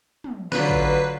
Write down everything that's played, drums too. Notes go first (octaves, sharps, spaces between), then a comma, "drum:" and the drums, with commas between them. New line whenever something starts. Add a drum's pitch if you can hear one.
drum: tom
D3 F#3 F4 B4, drum: snare
drum: kick